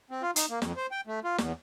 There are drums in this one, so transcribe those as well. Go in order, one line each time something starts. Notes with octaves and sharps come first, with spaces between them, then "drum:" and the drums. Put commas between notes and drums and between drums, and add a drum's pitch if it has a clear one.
C4
F4
D#4, drum: hi-hat
A#3
F2, drum: snare
C5
G5
A3
F4
E2, drum: snare